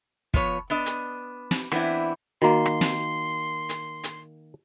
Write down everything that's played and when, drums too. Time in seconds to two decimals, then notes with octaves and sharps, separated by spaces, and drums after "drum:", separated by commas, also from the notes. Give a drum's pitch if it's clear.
0.34 F3 B3 C#5, drum: kick
0.70 B3 D4 D#5
0.86 drum: hi-hat
1.51 drum: snare
1.72 E3 B3 C4 D4 E4, drum: rim click
2.42 D#3 A#3 F#4 D#5 A#5 C6
2.66 drum: rim click
2.81 drum: snare
3.69 drum: hi-hat
4.04 drum: hi-hat